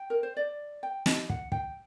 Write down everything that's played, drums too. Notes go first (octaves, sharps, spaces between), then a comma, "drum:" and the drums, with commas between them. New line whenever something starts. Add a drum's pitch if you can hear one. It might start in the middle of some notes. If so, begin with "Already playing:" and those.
Already playing: G5
A#4
C5
D5
G5
D#5, drum: snare
F#5, drum: kick
G5, drum: kick